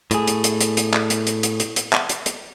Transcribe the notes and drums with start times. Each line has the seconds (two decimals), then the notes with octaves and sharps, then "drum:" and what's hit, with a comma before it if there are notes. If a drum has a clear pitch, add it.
0.11 A2 G#4, drum: hi-hat
0.27 drum: hi-hat
0.44 drum: hi-hat
0.61 drum: hi-hat
0.77 drum: hi-hat
0.94 drum: clap
1.10 drum: hi-hat
1.27 drum: hi-hat
1.43 drum: hi-hat
1.60 drum: hi-hat
1.76 drum: hi-hat
1.93 drum: clap
2.09 drum: hi-hat
2.26 drum: hi-hat